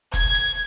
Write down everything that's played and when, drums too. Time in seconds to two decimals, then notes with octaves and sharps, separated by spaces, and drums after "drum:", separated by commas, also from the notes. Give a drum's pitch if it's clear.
0.14 G#6, drum: kick F1, hi-hat
0.34 drum: hi-hat